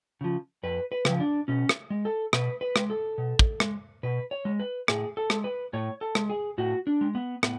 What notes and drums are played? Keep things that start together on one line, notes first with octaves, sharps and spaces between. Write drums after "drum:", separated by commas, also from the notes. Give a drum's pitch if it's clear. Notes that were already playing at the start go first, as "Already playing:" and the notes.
C#3 F3
F2 B4
B4
C#3 F3, drum: rim click
D4
B2 C#4
drum: rim click
G#3
A4
B2 B4, drum: rim click
B4
G#3, drum: rim click
A4
B2
drum: kick
G#3, drum: rim click
B2 B4
C#5
G#3
B4
A2 G#4, drum: rim click
A4
G#3, drum: rim click
B4
A2 C#5
A4
G#3, drum: rim click
G#4
A2 F#4
D4
G#3
B3
A2 B3, drum: rim click